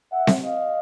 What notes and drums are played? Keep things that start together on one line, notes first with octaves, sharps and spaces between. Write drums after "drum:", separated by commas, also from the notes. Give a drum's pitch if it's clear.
E5 F#5
drum: snare C4
D#5 F5